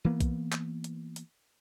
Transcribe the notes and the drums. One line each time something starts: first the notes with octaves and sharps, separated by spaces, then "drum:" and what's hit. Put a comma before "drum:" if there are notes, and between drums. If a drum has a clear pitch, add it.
E3 A#3 B3
drum: kick B1, hi-hat
drum: clap
drum: hi-hat
drum: hi-hat